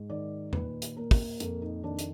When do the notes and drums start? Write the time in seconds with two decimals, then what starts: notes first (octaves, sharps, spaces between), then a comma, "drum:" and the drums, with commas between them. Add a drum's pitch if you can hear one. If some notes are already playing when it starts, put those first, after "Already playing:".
Already playing: G#2
0.10 D#3 D5
0.53 A#2 B4, drum: tom E2
0.82 drum: hi-hat
0.97 A#2 A#4
1.11 drum: kick, open hi-hat
1.40 F2 A#4, drum: hi-hat
1.62 D#4
1.83 D#3 D4
1.99 drum: hi-hat